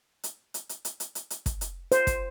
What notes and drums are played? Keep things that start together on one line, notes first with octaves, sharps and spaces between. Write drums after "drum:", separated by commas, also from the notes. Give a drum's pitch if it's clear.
drum: hi-hat
drum: hi-hat
drum: hi-hat
drum: hi-hat
drum: hi-hat
drum: hi-hat
drum: hi-hat
drum: kick, hi-hat
drum: hi-hat
C5, drum: hi-hat
drum: kick, hi-hat